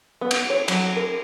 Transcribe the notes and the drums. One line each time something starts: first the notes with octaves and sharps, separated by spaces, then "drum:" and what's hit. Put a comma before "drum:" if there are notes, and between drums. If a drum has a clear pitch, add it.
B3
drum: cymbal
C#5
F#3, drum: cymbal
A#4